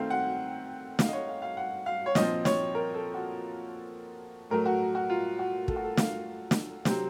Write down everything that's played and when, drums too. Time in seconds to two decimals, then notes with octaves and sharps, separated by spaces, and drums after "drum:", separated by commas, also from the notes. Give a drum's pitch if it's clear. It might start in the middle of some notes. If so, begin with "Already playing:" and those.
Already playing: D#3 A3 C4 F5
0.10 F#5
0.99 F5, drum: snare
1.08 D#5
1.13 C#5
1.28 F5
1.42 F5
1.57 F#5
1.86 F5
2.06 C#5
2.15 A#2 F3 C4 D#5, drum: snare
2.45 C#5, drum: snare
2.75 A#4
2.94 A4
3.14 F#4
4.50 A2 F#3 A3 A#4
4.65 F#4
4.95 F#4
5.10 F4
5.39 F#4
5.68 A4, drum: kick
5.76 F#4
5.84 A4
5.97 F5, drum: snare
6.51 drum: snare
6.85 C3 F#3 C4, drum: snare